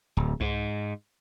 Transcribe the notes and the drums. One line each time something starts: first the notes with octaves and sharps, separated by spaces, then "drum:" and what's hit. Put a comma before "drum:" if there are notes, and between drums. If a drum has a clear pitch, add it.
D1
G#2, drum: tom C2